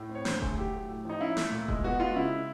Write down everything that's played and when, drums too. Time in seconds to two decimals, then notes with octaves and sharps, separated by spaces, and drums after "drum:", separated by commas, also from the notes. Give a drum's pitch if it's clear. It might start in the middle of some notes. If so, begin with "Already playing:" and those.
Already playing: A2
0.09 C4
0.15 C#5
0.25 D2 C5, drum: snare
0.41 A3 G#4, drum: kick E1
0.58 F#3 G4
0.73 A3
0.88 A2
1.05 F3 D#4
1.20 C#4 E4
1.37 A3, drum: snare
1.52 A#2
1.68 G#3, drum: kick E1
1.84 B3 F#4
2.00 G#3 F4
2.15 C#3 E4